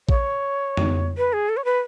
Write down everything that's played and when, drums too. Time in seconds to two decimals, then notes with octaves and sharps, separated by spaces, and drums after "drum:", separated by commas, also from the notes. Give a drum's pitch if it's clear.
0.09 C#5, drum: kick
0.77 drum: tom
1.18 B4
1.33 G#4
1.49 A4
1.57 C#5
1.65 B4